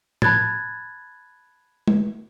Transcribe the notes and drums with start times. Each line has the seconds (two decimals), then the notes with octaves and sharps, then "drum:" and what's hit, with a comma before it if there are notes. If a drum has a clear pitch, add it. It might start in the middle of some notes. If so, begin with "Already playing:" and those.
0.22 A5 B5 F#6 G#6 A6, drum: tom A2
1.88 drum: tom